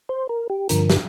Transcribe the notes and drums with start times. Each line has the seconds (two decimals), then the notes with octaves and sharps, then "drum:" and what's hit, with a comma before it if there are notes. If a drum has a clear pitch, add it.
0.09 C5
0.29 A#4
0.50 G4
0.69 G2 D3 F3 A#4, drum: hi-hat
0.90 drum: snare